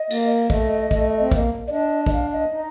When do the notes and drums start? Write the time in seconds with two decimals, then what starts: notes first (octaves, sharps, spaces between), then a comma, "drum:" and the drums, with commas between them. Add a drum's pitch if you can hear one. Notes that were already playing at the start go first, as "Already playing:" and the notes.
Already playing: D#5
0.10 A#3, drum: cymbal
0.50 A3 D#5, drum: kick
0.91 A3, drum: kick
1.20 C4
1.31 A#3, drum: kick
1.67 D5
1.71 D4 D#5
2.06 D#5, drum: kick
2.13 F5
2.32 D#5
2.52 D#4